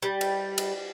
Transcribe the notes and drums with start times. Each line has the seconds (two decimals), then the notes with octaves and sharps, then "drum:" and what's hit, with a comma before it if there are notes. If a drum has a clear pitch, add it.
0.02 G3
0.21 drum: cymbal
0.58 drum: cymbal